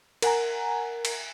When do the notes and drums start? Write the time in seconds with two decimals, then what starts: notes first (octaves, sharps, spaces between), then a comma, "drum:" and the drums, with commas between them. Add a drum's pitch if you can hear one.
0.22 A#4 F#5 G#5 A#5, drum: cymbal
1.05 drum: cymbal